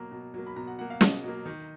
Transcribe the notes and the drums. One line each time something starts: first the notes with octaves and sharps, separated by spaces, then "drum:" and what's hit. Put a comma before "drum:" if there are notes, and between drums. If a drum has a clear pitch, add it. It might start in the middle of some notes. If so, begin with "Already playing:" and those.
Already playing: B2 F#3 A#3 A#5
B2
F#3 A#3
B5
B2 A#5
F#5
F#3 A#3 F#5
F5
B2 D#5, drum: snare
F#3 A#3
D#3